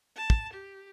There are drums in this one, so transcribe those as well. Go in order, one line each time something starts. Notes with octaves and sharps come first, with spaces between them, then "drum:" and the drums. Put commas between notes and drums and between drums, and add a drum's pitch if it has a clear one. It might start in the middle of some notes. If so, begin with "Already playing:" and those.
A5
drum: kick
G4